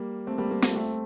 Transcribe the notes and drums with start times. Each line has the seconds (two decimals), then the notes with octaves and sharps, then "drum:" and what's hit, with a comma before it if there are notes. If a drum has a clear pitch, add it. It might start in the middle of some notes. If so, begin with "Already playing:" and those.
Already playing: G3 A#3
0.27 A3 C4
0.38 G3 A#3
0.51 G3 A#3
0.62 A3 C4, drum: snare
0.76 A3 C4